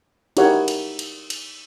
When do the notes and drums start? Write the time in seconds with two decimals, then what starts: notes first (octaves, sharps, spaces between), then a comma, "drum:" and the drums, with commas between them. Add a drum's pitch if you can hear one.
0.37 D#4 E4 G4 A#4 C#5 F#5, drum: cymbal
0.68 drum: cymbal
0.99 drum: cymbal
1.30 drum: cymbal